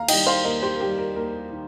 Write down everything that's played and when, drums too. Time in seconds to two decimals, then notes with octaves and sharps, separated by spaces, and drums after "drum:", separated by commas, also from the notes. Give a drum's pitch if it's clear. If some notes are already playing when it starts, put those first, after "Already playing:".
Already playing: D#2 F5 A#5
0.08 D#3 G3 D#5 G5, drum: cymbal
0.27 C5 F5
0.44 D#2 A#4 D#5
0.62 G4 C5
0.76 A#4
0.80 D#3 G3 G4
0.98 A#4
1.16 D#2 A#4
1.52 D#3